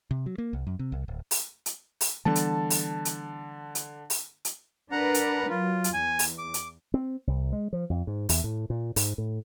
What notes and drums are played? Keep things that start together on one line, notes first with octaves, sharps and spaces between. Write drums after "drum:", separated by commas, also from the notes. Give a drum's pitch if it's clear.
C3
F#3
A#3
C2
F#2
C3
C2
D1
drum: open hi-hat
drum: hi-hat
drum: open hi-hat
D3 E3 G3 B3 A5
drum: hi-hat
drum: open hi-hat
drum: hi-hat
drum: hi-hat
drum: open hi-hat
drum: hi-hat
D4 A#4 B4 F#5 A#5
drum: hi-hat
F#3 F4
drum: hi-hat
E2 G#5
drum: open hi-hat
D6
drum: hi-hat
C4
C2
G#3
F3
F2
G#2
E2, drum: open hi-hat
A2
A#2
G#2, drum: open hi-hat
A2